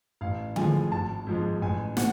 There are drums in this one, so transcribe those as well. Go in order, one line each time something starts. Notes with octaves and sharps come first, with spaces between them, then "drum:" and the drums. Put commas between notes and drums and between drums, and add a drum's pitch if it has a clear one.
A1 F5
A2 F3 G#3 G#5, drum: tom D3
G#1 A5
G#2 F3 G#3
A1 G#5
A2 F#5, drum: snare